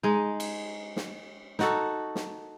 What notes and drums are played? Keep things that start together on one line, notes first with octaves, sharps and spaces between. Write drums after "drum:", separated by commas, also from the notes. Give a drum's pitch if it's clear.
G#3 D#4
drum: cymbal
drum: snare
D#4 F#4 A4, drum: snare
drum: snare